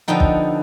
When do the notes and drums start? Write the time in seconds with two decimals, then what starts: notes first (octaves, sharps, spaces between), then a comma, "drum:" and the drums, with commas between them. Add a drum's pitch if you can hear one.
0.08 D3 F3 B3 D#4 G5
0.20 drum: kick